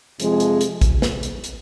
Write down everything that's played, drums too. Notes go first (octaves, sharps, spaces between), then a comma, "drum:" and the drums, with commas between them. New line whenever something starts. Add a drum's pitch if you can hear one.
F2 C3 F3 G#3, drum: hi-hat
drum: hi-hat
drum: hi-hat
drum: kick A1, hi-hat
drum: snare
drum: hi-hat
drum: hi-hat